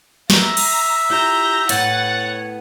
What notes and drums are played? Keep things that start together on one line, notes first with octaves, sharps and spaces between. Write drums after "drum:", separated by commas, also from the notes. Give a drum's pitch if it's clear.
E5 A#5, drum: snare
drum: cymbal
E4 F4 G4 A#5 G6
A2 B3 C#5 F#5 A6, drum: hi-hat